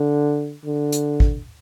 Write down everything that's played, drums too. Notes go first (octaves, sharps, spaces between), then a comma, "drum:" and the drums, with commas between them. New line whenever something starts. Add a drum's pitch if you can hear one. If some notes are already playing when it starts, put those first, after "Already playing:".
Already playing: D3
D3
drum: hi-hat
drum: kick G#1